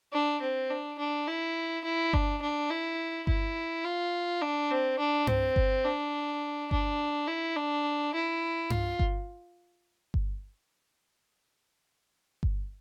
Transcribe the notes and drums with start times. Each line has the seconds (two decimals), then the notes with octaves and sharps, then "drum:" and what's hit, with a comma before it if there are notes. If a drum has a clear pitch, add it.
0.13 D4
0.41 C4
0.70 D4
0.99 D4
1.27 E4
1.84 E4
2.13 D4, drum: kick G1
2.42 D4
2.70 E4
3.27 E4, drum: kick G1
3.84 F4
4.41 D4
4.70 C4
4.99 D4
5.27 C4, drum: tom G2
5.56 drum: kick G1
5.85 D4
6.71 D4, drum: kick G1
7.27 E4
7.56 D4
8.14 E4
8.70 F4, drum: tom G2
8.99 drum: kick G1
10.14 drum: kick G1
12.43 drum: kick G1